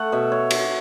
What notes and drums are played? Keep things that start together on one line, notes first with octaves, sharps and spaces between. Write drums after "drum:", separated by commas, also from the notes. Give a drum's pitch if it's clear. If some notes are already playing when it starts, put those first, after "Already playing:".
Already playing: A3 F#5
B2 E5
C#5
drum: cymbal